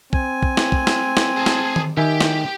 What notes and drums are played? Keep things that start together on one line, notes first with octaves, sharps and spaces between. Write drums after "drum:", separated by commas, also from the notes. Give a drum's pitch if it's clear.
C4 G#5, drum: kick
drum: kick
drum: snare
drum: kick
drum: snare
drum: snare
G#4 A5
drum: snare
drum: tom D#3
D#3 G4 E5 G#5
drum: snare